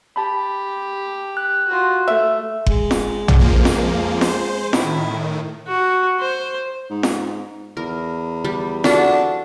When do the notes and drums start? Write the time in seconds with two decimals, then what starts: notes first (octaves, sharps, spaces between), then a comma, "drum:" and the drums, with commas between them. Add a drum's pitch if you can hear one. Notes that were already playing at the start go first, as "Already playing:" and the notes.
0.16 G4 A5 B5
1.37 F#6
1.68 F4 F#4
2.08 A3 E5
2.66 G#3, drum: kick F#1
2.91 drum: snare
3.28 drum: tom
3.40 F2 F3 A#3
3.65 drum: snare
4.21 C5, drum: snare
4.73 A2 D#3 E4, drum: snare
5.68 F#4
6.20 C5
6.90 G#2
7.03 drum: snare
7.77 E2 A#4
8.45 G3
8.84 D4 F4 F#4 A4, drum: snare